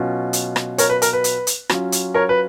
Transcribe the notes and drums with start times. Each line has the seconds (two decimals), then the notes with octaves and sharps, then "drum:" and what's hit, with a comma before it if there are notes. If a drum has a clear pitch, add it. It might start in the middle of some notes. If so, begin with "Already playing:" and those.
Already playing: B2 F#3 C#4 F4
0.33 drum: hi-hat
0.56 drum: rim click
0.78 A#4 C#5, drum: hi-hat
0.90 B4
1.02 A#4, drum: hi-hat
1.13 B4
1.24 drum: hi-hat
1.47 drum: hi-hat
1.69 F#3 C#4 F4, drum: rim click
1.92 drum: hi-hat
2.15 A#4 C#5
2.29 B4